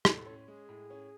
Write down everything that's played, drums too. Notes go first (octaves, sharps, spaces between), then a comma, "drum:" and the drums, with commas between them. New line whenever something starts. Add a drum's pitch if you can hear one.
A2 A4, drum: rim click
C#4
G#3 G#4
A2
C#4